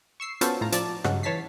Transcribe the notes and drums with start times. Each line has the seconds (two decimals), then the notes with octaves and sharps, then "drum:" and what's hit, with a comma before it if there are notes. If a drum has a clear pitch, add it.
0.20 C#6 E6 C7
0.41 B3 C#4 F4 F#4 A4 C5, drum: hi-hat
0.61 A2 F4 A#5
0.72 F3 D5 A5, drum: hi-hat
1.04 G2 C#3 F#3 G#3 F#4, drum: rim click
1.23 E3 C#5 A5 A6 B6 C7